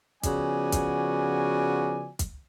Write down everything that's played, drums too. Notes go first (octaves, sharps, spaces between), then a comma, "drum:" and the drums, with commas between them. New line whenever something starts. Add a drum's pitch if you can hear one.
C#3 F3 B3 F#4 D5 G#5, drum: kick, hi-hat
drum: kick, hi-hat
drum: kick, hi-hat